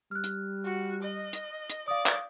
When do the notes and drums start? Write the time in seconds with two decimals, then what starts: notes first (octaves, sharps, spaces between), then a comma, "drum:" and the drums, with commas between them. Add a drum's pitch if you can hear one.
0.11 G3 F6 F#6
0.24 drum: hi-hat
0.64 F#4
1.02 D#5
1.33 drum: hi-hat
1.70 drum: hi-hat
1.88 D5 F5 D#6
2.06 drum: clap